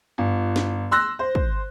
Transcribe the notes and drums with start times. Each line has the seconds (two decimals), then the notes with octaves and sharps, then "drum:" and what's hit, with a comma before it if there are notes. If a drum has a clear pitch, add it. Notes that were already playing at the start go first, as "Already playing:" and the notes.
0.18 G1
0.56 drum: snare
0.91 C6 E6 F#6 A#6
1.19 C5
1.35 drum: kick